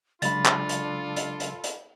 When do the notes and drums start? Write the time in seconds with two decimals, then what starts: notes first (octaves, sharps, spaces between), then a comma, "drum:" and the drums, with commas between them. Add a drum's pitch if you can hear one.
0.22 C#3 F#3 G#3 D4 F4 A4 B5 A6, drum: hi-hat
0.46 drum: clap
0.69 drum: hi-hat
1.16 drum: hi-hat
1.40 drum: hi-hat
1.64 drum: hi-hat